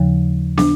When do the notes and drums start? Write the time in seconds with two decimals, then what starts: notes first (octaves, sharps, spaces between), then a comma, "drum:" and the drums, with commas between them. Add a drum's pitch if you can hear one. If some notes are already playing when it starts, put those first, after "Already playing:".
Already playing: D#2 C#3 F3
0.58 D4, drum: snare